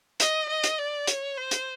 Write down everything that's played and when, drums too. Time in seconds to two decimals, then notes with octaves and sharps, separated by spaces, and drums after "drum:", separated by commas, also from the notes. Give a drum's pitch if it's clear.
0.20 D#5, drum: hi-hat
0.50 D#5
0.64 drum: hi-hat
0.78 D5
1.07 C#5, drum: hi-hat
1.37 C5
1.51 drum: hi-hat